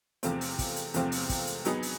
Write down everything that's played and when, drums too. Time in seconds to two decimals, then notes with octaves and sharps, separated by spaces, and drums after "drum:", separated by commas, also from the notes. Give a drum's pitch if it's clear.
0.23 E2 C3 F3 A3 C4, drum: hi-hat
0.41 drum: open hi-hat
0.59 drum: kick, open hi-hat
0.76 drum: hi-hat
0.94 E2 C3 F3 A3 C4, drum: hi-hat
1.12 drum: open hi-hat
1.29 drum: kick, open hi-hat
1.47 drum: hi-hat
1.65 F#3 B3 D#4 G#4, drum: hi-hat
1.83 drum: open hi-hat